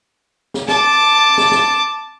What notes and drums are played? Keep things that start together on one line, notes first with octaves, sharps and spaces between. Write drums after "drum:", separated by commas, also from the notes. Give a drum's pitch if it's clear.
drum: snare
A5 D6, drum: snare
drum: snare
drum: snare